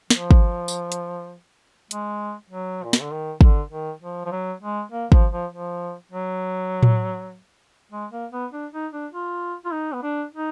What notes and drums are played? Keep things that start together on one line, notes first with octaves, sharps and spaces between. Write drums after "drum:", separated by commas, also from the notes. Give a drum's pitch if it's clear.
F3, drum: snare
drum: kick
drum: tambourine
drum: hi-hat
G#3, drum: hi-hat
F#3
A#2
B2, drum: snare
D3
D#3
D3, drum: kick
D#3
F3
F3
F#3
G#3
A#3
F3, drum: kick
F3
F3
F#3
drum: tom A2
G#3
A#3
B3
D4
D#4
D4
F4
F4
D#4
B3
D4
D#4